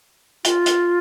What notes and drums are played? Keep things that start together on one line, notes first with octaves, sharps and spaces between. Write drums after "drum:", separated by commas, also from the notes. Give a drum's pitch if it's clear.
F4, drum: hi-hat
drum: hi-hat